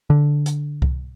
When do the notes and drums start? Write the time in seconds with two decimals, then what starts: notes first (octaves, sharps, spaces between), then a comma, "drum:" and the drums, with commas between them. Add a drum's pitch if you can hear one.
0.10 D3
0.46 drum: hi-hat
0.82 drum: kick C2